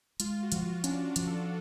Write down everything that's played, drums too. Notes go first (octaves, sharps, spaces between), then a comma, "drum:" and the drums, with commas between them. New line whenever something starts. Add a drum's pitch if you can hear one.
G#3 F4, drum: hi-hat
F#4
F3 F4, drum: hi-hat
F4
C#4 D4, drum: hi-hat
F4
F3, drum: hi-hat
A4